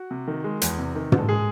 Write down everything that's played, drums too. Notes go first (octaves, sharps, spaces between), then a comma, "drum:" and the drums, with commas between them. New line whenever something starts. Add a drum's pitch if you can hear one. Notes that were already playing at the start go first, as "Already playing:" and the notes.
Already playing: F#4
C3
D#3
G#3
E2, drum: hi-hat
C3
D#3
G#3, drum: tom
A4
G#3 G#4